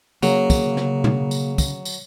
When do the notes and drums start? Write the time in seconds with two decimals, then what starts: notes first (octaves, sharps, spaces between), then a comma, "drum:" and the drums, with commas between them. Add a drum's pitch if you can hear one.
0.23 C#3 F#3 A#3, drum: tambourine
0.50 drum: kick, tambourine
0.77 drum: snare
1.04 drum: tom
1.31 drum: tambourine
1.58 drum: kick, tambourine
1.85 drum: tambourine